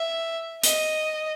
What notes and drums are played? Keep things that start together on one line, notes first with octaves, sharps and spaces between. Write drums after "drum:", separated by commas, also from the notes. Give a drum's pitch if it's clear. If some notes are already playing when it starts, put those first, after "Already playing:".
Already playing: E5
D#5, drum: hi-hat